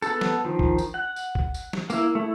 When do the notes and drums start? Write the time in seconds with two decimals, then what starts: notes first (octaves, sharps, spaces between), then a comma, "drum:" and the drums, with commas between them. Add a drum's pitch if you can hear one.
0.02 B3 A4, drum: tambourine
0.21 drum: snare
0.45 D#3 F3
0.59 drum: kick B1
0.78 drum: tambourine
0.94 F#5
1.16 drum: tambourine
1.35 drum: kick B1
1.54 drum: tambourine
1.73 drum: snare
1.90 A#3 E4, drum: tambourine
2.15 A3 E4